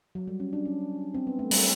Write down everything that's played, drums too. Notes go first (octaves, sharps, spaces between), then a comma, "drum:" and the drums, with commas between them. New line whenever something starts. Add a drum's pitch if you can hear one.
F#3
G3
C#4
D4
C#4
C4
B3
A3
G3, drum: open hi-hat